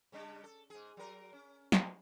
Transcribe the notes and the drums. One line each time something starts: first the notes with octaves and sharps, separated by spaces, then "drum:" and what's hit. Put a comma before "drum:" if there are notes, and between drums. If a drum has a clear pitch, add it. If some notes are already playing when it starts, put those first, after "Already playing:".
C#3 G3 D4
A4
G#2 G#4
F#3 A#4
C#4
B2, drum: snare